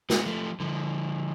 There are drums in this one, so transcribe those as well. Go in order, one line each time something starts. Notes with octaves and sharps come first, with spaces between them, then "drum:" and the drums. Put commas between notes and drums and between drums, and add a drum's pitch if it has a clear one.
G#3 B3, drum: snare
F3 A3
D3 F3